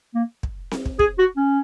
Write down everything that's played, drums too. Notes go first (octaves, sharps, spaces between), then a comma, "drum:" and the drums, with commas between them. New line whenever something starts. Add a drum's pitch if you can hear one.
A#3
drum: kick
drum: snare C4
drum: kick
G#4, drum: kick
F#4
C#4